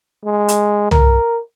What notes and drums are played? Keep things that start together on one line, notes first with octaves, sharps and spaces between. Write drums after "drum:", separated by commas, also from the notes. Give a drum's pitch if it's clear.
G#3
drum: hi-hat
A#4, drum: tom C2